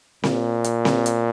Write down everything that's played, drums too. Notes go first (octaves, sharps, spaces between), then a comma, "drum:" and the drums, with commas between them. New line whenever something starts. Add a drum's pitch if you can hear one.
A#2, drum: snare C4
drum: hi-hat
drum: snare C4
drum: hi-hat